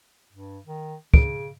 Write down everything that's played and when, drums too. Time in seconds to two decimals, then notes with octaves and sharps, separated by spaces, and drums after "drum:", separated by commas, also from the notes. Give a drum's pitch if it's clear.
0.33 G2
0.66 D#3
1.14 C#3 D7, drum: kick